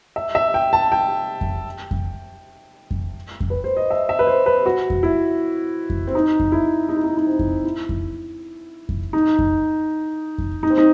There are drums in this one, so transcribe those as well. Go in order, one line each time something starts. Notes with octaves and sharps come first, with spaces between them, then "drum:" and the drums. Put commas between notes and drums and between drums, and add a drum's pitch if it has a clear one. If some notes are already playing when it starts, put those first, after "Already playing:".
E5
E5
G5
A5
G5
drum: kick F2
drum: kick F2
drum: kick F2
drum: kick F2
B4
C5
D#5
E5
E5
B4
C5
B4
F#4
drum: kick F2
E4
drum: kick F2
C4
D#4
drum: kick F2
E4
D#4
E4
D#4
D#4
C4
drum: kick F2
E4
drum: kick F2
drum: kick F2
D#4
drum: kick F2
drum: kick F2
D#4
C4
D#4